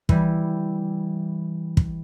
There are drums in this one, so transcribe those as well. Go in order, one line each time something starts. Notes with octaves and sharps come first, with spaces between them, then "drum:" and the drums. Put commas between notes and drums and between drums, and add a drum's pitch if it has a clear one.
E3 G3, drum: kick
drum: kick